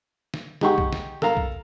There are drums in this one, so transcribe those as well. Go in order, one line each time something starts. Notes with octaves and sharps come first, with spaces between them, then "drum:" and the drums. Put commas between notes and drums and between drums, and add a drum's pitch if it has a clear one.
drum: snare
G#3 D#4 G4 F#5 G5 C#6, drum: snare
drum: kick B1
drum: snare
A4 A#4 F5 A#5, drum: snare
drum: kick B1